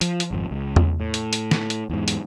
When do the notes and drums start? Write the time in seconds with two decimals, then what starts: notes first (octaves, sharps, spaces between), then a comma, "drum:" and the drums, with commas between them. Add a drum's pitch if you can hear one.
0.01 F3, drum: hi-hat
0.20 drum: hi-hat
0.31 G#1 F2
0.51 C#2
0.76 drum: tom E2
1.00 A2
1.14 drum: hi-hat
1.33 drum: hi-hat
1.51 drum: snare
1.70 drum: hi-hat
1.90 E2 G#2
2.08 drum: hi-hat